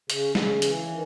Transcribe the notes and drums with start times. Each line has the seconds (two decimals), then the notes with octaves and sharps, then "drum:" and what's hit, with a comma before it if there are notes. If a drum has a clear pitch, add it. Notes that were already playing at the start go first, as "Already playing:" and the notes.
0.10 C#3, drum: hi-hat
0.35 C#3, drum: snare
0.62 E3, drum: hi-hat
0.89 D#3